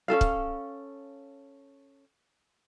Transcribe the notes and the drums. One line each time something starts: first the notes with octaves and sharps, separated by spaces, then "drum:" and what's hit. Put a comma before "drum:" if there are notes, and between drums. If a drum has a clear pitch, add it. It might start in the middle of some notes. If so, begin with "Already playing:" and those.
C#4 F4 A4 F5
drum: kick